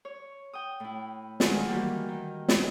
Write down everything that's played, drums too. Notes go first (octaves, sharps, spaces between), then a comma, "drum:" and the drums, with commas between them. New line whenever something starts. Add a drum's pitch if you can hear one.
C#5
G5 D#6
A2 E4
D#3 F#3 G#3 A3 F4 G#4, drum: snare
D#3 E3 G3 A#3 F#4 G4
D#3
drum: snare